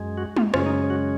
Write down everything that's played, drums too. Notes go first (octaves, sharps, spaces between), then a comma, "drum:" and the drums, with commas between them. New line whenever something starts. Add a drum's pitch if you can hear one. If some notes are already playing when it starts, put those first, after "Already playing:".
Already playing: F#2 G#3
F#4
F4, drum: tom
F#2 C#3 G#3 C#4 F4, drum: rim click
D#4
F#4